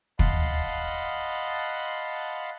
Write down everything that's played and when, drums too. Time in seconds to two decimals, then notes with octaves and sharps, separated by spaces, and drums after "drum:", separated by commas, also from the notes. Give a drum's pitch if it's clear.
0.19 D#5 F5 F#5 A5 B5 C6, drum: kick